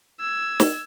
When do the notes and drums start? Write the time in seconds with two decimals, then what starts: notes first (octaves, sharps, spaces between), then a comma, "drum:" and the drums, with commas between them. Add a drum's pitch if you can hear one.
0.20 E6 G#6
0.60 drum: snare